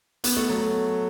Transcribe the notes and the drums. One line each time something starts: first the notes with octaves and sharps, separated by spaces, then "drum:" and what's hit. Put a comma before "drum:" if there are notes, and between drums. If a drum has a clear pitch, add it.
B3, drum: hi-hat
A3
F#3 B3